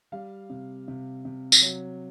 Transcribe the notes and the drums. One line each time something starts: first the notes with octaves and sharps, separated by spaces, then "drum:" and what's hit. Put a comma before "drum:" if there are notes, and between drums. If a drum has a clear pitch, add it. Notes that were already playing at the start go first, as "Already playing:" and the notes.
G3 F5
C3
C3
C3
drum: tambourine
F#3